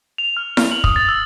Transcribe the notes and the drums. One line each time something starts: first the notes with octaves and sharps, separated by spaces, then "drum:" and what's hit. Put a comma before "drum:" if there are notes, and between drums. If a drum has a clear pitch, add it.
F7
F6
F6, drum: snare E4
F#7
D#6, drum: kick
A6
E6